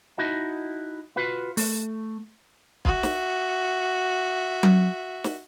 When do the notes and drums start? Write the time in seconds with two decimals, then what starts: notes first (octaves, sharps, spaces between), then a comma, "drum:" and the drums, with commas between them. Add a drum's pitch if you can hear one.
0.17 D#4 E4 F#4 D#5 A5
1.16 F4 F#4 B4
1.57 A3, drum: open hi-hat
2.85 F#4 E5, drum: kick
3.03 drum: snare
4.63 drum: tom F#3
5.24 drum: snare